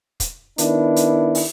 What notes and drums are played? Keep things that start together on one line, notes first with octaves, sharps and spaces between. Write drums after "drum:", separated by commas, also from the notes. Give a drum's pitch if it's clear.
drum: kick, hi-hat
D#3 B3 D4 E4, drum: hi-hat
drum: hi-hat
drum: open hi-hat